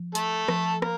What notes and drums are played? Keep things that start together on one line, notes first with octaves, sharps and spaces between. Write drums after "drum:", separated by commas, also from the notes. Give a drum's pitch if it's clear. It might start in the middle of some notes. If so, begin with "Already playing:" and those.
Already playing: F3
A3 A4, drum: hi-hat
F3, drum: rim click
A#3 A#4, drum: rim click